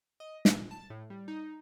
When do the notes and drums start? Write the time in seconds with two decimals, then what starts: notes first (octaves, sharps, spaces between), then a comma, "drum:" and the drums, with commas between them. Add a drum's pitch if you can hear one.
0.20 D#5
0.45 A#2, drum: snare
0.71 A5
0.90 A2
1.10 G3
1.28 D#4